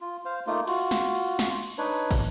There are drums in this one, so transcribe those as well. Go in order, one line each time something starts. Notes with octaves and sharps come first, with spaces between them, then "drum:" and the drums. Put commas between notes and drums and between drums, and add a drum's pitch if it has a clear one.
F4
C5 F5
A3 A#3 D#4 F4
F4 F#4, drum: cymbal
drum: snare
drum: cymbal
drum: snare
drum: cymbal
D4 D#4 B4 C#5
drum: kick, cymbal